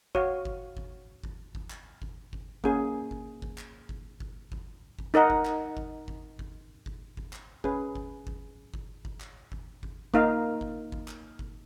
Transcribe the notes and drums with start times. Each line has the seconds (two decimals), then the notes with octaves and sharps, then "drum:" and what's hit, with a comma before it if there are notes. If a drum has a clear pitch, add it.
0.15 F#4 C#5 F5, drum: kick G1
0.45 drum: kick G1
0.77 drum: kick G1
1.24 drum: kick G1
1.55 drum: kick G1
1.70 drum: clap
2.02 drum: kick G1
2.33 drum: kick G1
2.64 A#3 C#4 G#4, drum: kick G1
3.11 drum: kick G1
3.42 drum: kick G1
3.58 drum: clap
3.89 drum: kick G1
4.20 drum: kick G1
4.52 drum: kick G1
4.99 drum: kick G1
5.14 D#4 A#4 D#5 F#5
5.30 drum: kick G1
5.45 drum: clap
5.77 drum: kick G1
6.08 drum: kick G1
6.39 drum: kick G1
6.86 drum: kick G1
7.17 drum: kick G1
7.33 drum: clap
7.64 C#4 G#4 B4, drum: kick G1
7.95 drum: kick G1
8.27 drum: kick G1
8.74 drum: kick G1
9.05 drum: kick G1
9.20 drum: clap
9.52 drum: kick G1
9.83 drum: kick G1
10.14 A#3 D#4 A#4 F5, drum: kick G1
10.61 drum: kick G1
10.92 drum: kick G1
11.08 drum: clap
11.39 drum: kick G1